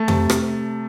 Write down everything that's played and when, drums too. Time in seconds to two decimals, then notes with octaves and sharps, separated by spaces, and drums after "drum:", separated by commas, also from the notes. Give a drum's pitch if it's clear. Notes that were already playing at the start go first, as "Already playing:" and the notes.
Already playing: A3 A5
0.08 C3, drum: tom F2
0.30 drum: rim click